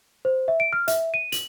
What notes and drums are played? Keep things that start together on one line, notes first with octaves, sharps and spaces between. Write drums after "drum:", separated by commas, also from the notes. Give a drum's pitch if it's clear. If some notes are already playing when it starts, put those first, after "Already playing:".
C5
E5
D7
F6
E5, drum: hi-hat
D#7
F#7, drum: hi-hat